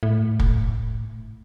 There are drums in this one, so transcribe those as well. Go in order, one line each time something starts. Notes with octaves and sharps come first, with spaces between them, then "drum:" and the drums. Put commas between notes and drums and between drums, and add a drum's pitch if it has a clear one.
A2
drum: kick